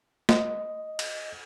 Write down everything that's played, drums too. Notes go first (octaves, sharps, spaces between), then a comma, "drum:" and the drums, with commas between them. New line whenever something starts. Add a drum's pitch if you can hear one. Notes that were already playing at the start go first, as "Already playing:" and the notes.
D#5, drum: snare
drum: cymbal